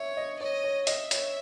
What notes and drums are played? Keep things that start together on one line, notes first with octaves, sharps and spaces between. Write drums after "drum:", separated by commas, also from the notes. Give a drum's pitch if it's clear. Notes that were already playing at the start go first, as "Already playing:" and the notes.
Already playing: C#5 E5
D#5
C#5 D#5
C#5
D#5 E5, drum: hi-hat
C#5, drum: hi-hat